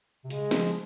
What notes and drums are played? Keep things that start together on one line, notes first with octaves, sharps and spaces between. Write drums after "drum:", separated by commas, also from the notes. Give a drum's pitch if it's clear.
C3
C#3 G#3, drum: hi-hat
F3, drum: snare